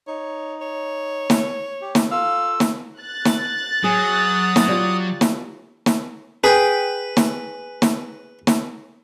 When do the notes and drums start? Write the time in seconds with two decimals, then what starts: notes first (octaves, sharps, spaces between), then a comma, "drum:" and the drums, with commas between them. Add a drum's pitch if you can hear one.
0.07 D#4 C#5
0.61 C#5
1.30 drum: snare
1.81 G4
1.95 drum: snare
2.11 F4 A4 F5 E6
2.60 drum: snare
3.00 F#6 A6
3.25 drum: snare
3.84 F#3 G#4 D#6
4.56 drum: snare
4.68 F4 G4 D5
5.21 drum: snare
5.86 drum: snare
6.44 G#4 B4 G5
7.17 drum: snare
7.82 drum: snare
8.47 drum: snare